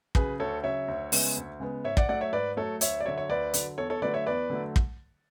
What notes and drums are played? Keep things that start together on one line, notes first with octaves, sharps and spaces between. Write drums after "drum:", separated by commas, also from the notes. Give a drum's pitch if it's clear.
C#3 F#3 G#4 B4, drum: kick
D2 A4 C#5
C#3 F#3 C#5 E5
D2
C#3 G#3 B3, drum: open hi-hat
D2
C#3 G#3 B3
G#2 C#5 E5
D5 F#5, drum: kick
F#3 A3 D5 F#5
C#5 E5
G#2 B4 D5
F#3 A3 A4 C#5
D2 C#5 E5, drum: hi-hat
D5
D3 F#3 C#5 E5
C#5
D2 B4 D5
D3 F#3, drum: hi-hat
E2 A4 C#5
A4 C#5
D3 F#3 A3 B4 D5
C#5 E5
E2 B4 D5
D3 F#3 A3
drum: kick